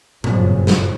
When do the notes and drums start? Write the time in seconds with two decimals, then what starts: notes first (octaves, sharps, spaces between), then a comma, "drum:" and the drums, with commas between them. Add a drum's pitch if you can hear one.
0.24 F#1 G2 A#2 C#3 F3 F#3, drum: tom A2
0.67 drum: snare